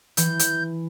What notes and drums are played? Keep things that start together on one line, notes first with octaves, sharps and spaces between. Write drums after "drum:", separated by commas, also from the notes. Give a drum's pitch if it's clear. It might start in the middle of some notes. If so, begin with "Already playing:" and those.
E3 G6, drum: hi-hat
drum: hi-hat